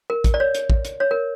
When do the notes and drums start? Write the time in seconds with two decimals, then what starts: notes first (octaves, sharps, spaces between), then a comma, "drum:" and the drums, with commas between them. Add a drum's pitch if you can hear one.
0.10 A#4
0.24 drum: kick, hi-hat
0.34 D5
0.40 C#5
0.55 drum: hi-hat
0.70 drum: kick
0.85 drum: hi-hat
1.00 C#5
1.11 A#4